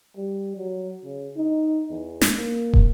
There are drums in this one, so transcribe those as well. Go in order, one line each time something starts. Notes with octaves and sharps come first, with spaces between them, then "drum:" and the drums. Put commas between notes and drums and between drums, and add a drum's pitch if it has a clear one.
G3
F#3
C#3
D#4
E2
drum: snare
A#3
drum: kick